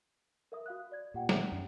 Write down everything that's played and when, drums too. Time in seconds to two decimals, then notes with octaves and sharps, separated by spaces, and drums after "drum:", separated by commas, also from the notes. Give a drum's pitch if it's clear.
0.52 A#4 E5 D#6
0.66 F#4 F5 F#6
0.92 D5 G#6
1.14 A#2 G4 F#5 G5
1.29 drum: snare
1.52 F#2